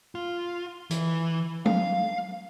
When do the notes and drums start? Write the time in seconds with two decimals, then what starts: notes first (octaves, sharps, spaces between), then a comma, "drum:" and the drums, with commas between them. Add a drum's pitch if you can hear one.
0.15 F4
0.91 E3, drum: hi-hat
1.66 F5, drum: tom F#3